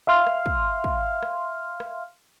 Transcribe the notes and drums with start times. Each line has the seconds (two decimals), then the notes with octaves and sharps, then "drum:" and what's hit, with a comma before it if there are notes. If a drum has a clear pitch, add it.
0.07 E5 F5 C6 F6
0.27 drum: rim click
0.46 drum: kick
0.84 drum: kick
1.23 drum: rim click
1.80 drum: rim click